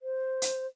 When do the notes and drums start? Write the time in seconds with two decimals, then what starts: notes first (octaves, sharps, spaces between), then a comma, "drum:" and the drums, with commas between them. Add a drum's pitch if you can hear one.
0.02 C5
0.42 drum: hi-hat